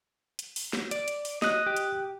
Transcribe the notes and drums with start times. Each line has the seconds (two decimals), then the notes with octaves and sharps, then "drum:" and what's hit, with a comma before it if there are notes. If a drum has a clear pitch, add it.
0.39 drum: hi-hat
0.56 drum: open hi-hat
0.73 drum: snare
0.91 D5, drum: hi-hat
1.08 drum: hi-hat
1.25 drum: open hi-hat
1.42 D#5 D#6 F#6, drum: snare
1.66 G4
1.77 drum: hi-hat